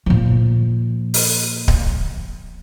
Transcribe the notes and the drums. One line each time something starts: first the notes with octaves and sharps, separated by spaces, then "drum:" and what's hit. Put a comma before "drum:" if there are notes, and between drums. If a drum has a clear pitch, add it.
A#2 F3
drum: open hi-hat
drum: kick D1